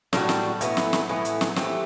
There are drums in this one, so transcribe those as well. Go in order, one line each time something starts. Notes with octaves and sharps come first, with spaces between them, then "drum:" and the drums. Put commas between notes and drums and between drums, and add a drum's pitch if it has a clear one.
A2 G3 D4 F#4, drum: snare
drum: snare
A2 E3 B3, drum: hi-hat
drum: snare
drum: snare
A2 E3 B3
drum: hi-hat
drum: snare
E3 A3 C4 G4, drum: snare